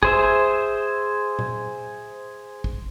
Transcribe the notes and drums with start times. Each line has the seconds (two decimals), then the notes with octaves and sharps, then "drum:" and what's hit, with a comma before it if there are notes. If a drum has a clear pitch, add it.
0.03 G#4 C5 E5, drum: kick
1.39 drum: tom A#2
2.64 drum: kick